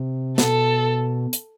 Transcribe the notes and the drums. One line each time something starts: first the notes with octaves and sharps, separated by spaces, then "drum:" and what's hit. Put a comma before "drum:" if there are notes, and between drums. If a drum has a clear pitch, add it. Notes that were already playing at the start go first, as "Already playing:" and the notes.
Already playing: C3
B2 A4, drum: snare
drum: hi-hat